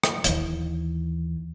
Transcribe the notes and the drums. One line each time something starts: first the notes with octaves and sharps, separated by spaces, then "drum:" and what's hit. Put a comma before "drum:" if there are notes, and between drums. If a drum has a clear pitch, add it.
drum: rim click
D#2 E3, drum: hi-hat